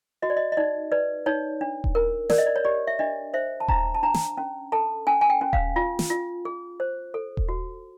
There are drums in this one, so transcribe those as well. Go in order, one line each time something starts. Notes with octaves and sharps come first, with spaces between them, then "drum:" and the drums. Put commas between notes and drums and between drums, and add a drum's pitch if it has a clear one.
F#4 D#5
D5
D#5
D#5
D#4 D5
B4 D5
D#4 C#5
D4
drum: kick D#1
A#4
A#4 D5, drum: snare
D#5
D5
C#5
G4 D5
E5
D4 D#5
C5 E5
A5
D4 A#5, drum: kick D#1
A5
D4 A#5
drum: snare
C#4
A4 A5
C#4 G#5
G#5
G5
C#4
F5, drum: kick D#1
F4
drum: snare
F4
G#4
C5
A4
drum: kick D#1
F#4